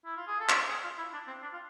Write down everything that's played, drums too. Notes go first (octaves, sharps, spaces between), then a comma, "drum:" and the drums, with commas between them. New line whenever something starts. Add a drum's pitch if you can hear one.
E4
F4
G#4
A4
drum: clap
G#4
F4
E4
D4
C4
D4
F4